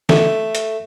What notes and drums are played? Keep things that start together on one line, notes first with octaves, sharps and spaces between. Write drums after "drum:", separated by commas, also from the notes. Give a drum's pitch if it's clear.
A3, drum: snare
drum: hi-hat